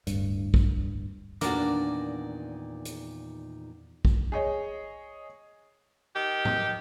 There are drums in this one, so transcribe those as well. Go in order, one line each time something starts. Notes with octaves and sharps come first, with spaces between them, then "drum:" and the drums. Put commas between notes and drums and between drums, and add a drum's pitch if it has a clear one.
D1 G2, drum: hi-hat
drum: kick
E2 A#2 D#3 A#3 D4 F#4 A#4 D5, drum: hi-hat
drum: hi-hat
drum: kick
G#4 C#5 D#5
D#3 G4
drum: tom A2